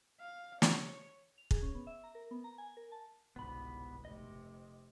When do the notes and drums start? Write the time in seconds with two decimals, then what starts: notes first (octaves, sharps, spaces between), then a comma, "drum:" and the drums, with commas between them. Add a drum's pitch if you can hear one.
0.20 F5
0.62 C#5, drum: snare
1.38 F7
1.51 G#4, drum: kick
1.62 C#4
1.75 B3
1.87 E5
2.04 A#5
2.15 A#4
2.31 B3
2.44 A#5
2.58 G#5
2.77 A#4
2.92 A5
3.36 G1 C2 G#2 B2 B3 B5
4.05 F1 C3 D#5